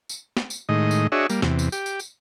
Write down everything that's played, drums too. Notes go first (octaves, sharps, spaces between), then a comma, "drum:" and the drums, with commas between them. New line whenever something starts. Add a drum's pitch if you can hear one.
drum: tambourine
drum: snare
drum: tambourine
A2 D#3 G#3 D#5
drum: tambourine
D4 F#4 G#4 C#5 D#5 E5
G3 A#3, drum: tambourine
E2 C3, drum: snare
drum: tambourine
G4, drum: tambourine
drum: tambourine
drum: tambourine